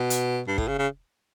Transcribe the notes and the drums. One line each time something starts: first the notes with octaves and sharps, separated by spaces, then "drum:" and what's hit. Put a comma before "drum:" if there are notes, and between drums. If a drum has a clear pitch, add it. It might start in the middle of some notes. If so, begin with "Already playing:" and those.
Already playing: B2
drum: hi-hat
G2
A2, drum: kick
C#3
C#3